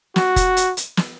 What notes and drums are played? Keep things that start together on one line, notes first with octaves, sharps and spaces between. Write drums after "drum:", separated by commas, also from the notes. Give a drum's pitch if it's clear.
F#4, drum: snare
drum: kick F1, hi-hat
drum: hi-hat
drum: hi-hat
drum: snare